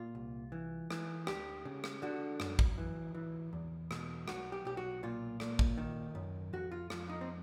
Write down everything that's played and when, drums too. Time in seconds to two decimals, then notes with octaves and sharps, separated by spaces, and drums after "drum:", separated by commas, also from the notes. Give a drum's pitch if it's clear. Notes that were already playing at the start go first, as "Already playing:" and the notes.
Already playing: A#2 F4
0.15 C2
0.52 E3
0.91 E3, drum: rim click
1.27 D2 G4, drum: rim click
1.65 C#3
1.84 drum: rim click
2.02 D3 F#4
2.40 F#2, drum: rim click
2.59 drum: kick
2.78 E3
3.15 E3
3.53 E2
3.91 B2, drum: rim click
4.28 B1 F#4, drum: rim click
4.52 G4
4.65 B1 G4
4.77 F#4
5.03 A#2 F4
5.40 A#2, drum: rim click
5.59 drum: kick
5.78 D#3
6.15 F#2
6.53 F2 F#4
6.72 F4
6.90 F2 F4, drum: rim click
7.09 D#4
7.21 C4